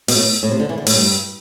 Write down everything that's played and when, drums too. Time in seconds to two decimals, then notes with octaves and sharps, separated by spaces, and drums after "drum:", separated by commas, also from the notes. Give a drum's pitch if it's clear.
0.08 B2, drum: open hi-hat
0.16 A2
0.43 A2
0.51 C3
0.60 D3
0.69 E3
0.78 D3
0.87 A2, drum: open hi-hat
0.95 G2